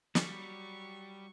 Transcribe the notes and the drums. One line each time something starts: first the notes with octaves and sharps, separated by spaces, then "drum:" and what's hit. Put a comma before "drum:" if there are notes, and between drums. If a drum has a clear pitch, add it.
F#3 G3 C#6, drum: snare